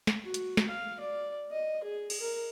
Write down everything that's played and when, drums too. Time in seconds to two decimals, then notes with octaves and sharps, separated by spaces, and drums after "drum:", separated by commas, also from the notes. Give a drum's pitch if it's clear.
0.07 drum: snare
0.23 F#4
0.34 drum: hi-hat
0.57 drum: snare
0.67 F5
1.00 D5
1.51 D#5
1.83 G#4
2.10 drum: cymbal
2.20 A#4